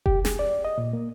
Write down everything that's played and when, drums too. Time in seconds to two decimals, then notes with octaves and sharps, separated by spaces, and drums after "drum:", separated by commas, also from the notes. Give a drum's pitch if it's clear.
0.06 G4, drum: kick F1
0.25 G#4, drum: snare
0.39 D5
0.65 D#5
0.78 A#2
0.93 A#3